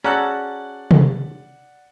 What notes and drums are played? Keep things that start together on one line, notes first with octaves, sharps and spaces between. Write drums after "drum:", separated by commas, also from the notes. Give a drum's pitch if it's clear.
C#4 F#4 G#4 A4 D5 F#5 A#5 F#6
drum: tom C3